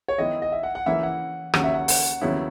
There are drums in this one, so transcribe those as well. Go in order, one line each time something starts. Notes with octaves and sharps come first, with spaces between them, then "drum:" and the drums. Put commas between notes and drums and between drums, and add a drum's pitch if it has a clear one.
C#5
D#3 G#3 B3 E4 D#5
D#5
E5
F#5
F#5
C#3 E3 A#3 C#4 E4 E5
F#5
D#2 C#3 F#3 C#4 F#5, drum: rim click
E5
F#5
F#5, drum: open hi-hat
D#2 C#3 F#3 B3 E4